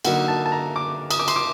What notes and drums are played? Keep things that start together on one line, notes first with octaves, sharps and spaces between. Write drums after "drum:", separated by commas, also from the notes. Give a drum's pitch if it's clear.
D3 F#3 A#3 D#4 F#5, drum: cymbal
A5
A5
A#5
D6
D#6, drum: cymbal
D6
C6, drum: cymbal
D6